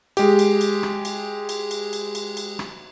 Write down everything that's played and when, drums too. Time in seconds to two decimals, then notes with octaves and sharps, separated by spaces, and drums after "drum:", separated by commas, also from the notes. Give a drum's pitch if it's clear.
0.17 G#3 G4, drum: cymbal
0.39 drum: cymbal
0.61 drum: cymbal
0.83 drum: rim click
1.05 drum: cymbal
1.49 drum: cymbal
1.71 drum: cymbal
1.93 drum: cymbal
2.15 drum: cymbal
2.37 drum: cymbal
2.59 drum: rim click